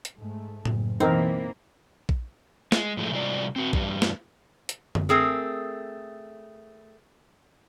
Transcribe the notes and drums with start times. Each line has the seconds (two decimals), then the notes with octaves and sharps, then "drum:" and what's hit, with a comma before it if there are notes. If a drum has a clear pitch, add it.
0.05 drum: hi-hat
0.16 G#2 A3
0.65 F#1, drum: tom A2
1.00 B2 E3 A#3 C4 D#4 A#4
2.09 drum: kick A#1
2.72 G#3, drum: snare
2.97 A2 F3 G#3 A3
3.12 C3 G3 G#3 F4 D5
3.56 C4 F#4
3.73 E2 G2 G3, drum: kick A#1
4.02 drum: snare
4.69 drum: hi-hat
4.95 drum: tom F#2
5.09 A3 C4 G#4 A#4